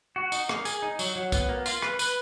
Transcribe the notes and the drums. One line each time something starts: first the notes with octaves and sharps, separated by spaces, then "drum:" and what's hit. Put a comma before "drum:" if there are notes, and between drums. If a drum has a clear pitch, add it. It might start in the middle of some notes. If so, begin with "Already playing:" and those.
F#4
D#4, drum: tambourine
A#3, drum: rim click
G#4, drum: tambourine
D#4
F#3, drum: tambourine
F#3
B3, drum: kick, tambourine
A#3
F4, drum: tambourine
B4, drum: rim click
B4, drum: tambourine